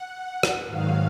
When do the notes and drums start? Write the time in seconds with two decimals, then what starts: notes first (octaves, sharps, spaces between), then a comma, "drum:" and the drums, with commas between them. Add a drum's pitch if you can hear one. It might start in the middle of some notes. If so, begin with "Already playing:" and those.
Already playing: F#5
0.43 drum: rim click
0.66 G#2 D#3 F#3 F5